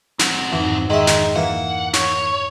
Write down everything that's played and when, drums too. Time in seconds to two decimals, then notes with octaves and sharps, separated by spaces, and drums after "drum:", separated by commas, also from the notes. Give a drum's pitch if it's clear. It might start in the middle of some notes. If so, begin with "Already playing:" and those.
0.19 C4 F#4, drum: snare
0.52 F2 G#2 E3 D#4
0.90 D#3 G#3 E5
1.07 drum: snare
1.36 E3 A#3 F#5
1.93 C#5, drum: snare